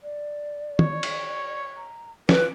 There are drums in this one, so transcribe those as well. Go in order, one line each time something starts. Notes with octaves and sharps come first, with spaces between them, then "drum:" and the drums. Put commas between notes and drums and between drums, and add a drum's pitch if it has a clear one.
D5
C#5, drum: tom
drum: cymbal
A#5
F4 B4 D6, drum: snare